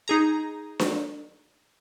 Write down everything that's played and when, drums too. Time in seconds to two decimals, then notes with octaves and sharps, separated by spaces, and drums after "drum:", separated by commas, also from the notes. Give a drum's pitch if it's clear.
0.08 D#4 G#4 A#5
0.79 drum: snare D4